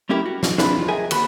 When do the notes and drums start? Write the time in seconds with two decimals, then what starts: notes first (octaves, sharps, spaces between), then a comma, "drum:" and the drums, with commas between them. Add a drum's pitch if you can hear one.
0.09 A3 C#4 E4 G4 A#4
0.26 F#4
0.43 drum: snare
0.58 C4 D4 E4 G#4 B4 B5, drum: snare
0.76 F2 F4
0.88 G#4 A#4 D#5 E5 G5 G#5
1.11 D#2 F#4 B4 B5, drum: cymbal